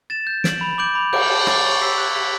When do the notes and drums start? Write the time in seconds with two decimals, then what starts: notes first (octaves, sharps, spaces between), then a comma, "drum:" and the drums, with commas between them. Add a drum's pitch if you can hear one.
0.10 A6 E7
0.27 G6
0.44 D7 F#7, drum: snare
0.61 B5
0.78 D6 G6 D7 F#7
0.95 B5
1.13 D6 G6 D7, drum: cymbal
1.30 A5
1.47 D6 A6, drum: rim click
1.65 C#6
1.82 E6 B6
1.98 F#6
2.15 B6 F#7